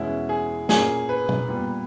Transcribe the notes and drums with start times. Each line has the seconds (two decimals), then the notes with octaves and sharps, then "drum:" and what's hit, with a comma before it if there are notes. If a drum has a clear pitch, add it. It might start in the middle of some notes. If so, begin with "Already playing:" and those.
Already playing: E2 B2 G#3 C#4 E4
0.29 G#4
0.69 A#2 A#3 C#4 G#4, drum: snare
1.09 B4
1.29 drum: tom B2
1.48 A#2 G3 B3